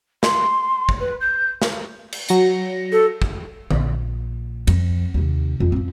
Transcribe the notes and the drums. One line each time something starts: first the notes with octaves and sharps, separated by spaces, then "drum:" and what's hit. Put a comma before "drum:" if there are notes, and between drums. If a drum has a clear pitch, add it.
C6, drum: snare
drum: kick
B4
G6
drum: snare
drum: cymbal
F#3 A#6 C#7, drum: hi-hat
A4
drum: kick
A#1, drum: tom D3
F2, drum: cymbal
D#2 C3
F2
F2 C4